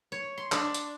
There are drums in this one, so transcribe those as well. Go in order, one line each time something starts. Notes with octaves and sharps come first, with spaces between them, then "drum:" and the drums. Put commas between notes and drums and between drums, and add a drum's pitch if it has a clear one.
C#5
C6
D4, drum: clap
drum: hi-hat